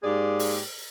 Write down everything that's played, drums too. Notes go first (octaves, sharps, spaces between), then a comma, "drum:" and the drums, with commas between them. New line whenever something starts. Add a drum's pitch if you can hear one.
G#2 A#3 G4 G#4 D5
drum: open hi-hat